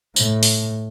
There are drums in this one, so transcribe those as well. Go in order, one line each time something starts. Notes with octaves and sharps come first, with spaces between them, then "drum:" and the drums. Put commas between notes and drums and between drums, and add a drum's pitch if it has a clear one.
A2, drum: tambourine
drum: open hi-hat